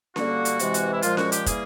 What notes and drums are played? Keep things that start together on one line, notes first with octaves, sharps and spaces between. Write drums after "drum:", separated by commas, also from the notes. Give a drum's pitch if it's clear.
D3 G3 A#3 F#4, drum: snare C#4
drum: hi-hat
C3 E3 G#3, drum: hi-hat
drum: hi-hat
E4
A#2 F3 G#3 F4, drum: hi-hat
F#4, drum: snare C#4
G4, drum: hi-hat
E3 G3 A#3 G#4, drum: kick, hi-hat